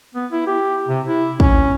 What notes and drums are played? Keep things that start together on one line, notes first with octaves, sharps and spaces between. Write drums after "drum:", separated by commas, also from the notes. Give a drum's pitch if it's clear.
B3
E4
G4
C3
E4
C#4, drum: kick